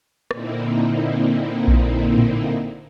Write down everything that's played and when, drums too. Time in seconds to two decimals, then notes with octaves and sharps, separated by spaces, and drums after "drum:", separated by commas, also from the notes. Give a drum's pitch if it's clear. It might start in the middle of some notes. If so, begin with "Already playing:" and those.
0.31 A#2 D3 A#3 C4 D#4 E4, drum: rim click
1.68 drum: kick A#1
2.18 drum: tom A2